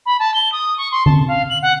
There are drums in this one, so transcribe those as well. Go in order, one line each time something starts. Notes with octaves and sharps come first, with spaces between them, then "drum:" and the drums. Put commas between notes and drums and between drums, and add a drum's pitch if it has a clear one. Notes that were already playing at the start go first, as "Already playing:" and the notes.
B5
A5
G7
D#6
C#6
C6
A5, drum: tom D3
F5
F#7
F#5